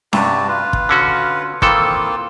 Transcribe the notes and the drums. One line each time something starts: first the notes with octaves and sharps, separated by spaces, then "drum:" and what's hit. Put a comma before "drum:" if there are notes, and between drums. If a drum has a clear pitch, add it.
G2 C3 F#4 G4 A5, drum: snare C#4
F4 B4
drum: kick
D3 C#4 F#4
D#3 E3 A#3 C4 F4 A4, drum: kick